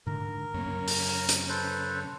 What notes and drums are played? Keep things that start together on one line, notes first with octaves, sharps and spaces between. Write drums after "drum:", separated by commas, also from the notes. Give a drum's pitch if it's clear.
G#2 D3 A#4
F#2 C#3 A#3
drum: open hi-hat
drum: hi-hat
A4 B4 C5